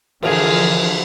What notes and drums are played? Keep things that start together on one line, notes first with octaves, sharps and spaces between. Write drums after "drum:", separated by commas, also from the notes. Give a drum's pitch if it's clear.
D3 E3 F3 G#4 A#4, drum: cymbal